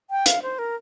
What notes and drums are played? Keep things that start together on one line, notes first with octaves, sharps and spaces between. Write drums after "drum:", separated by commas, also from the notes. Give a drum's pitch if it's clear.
G5
F5, drum: hi-hat
C5
A#4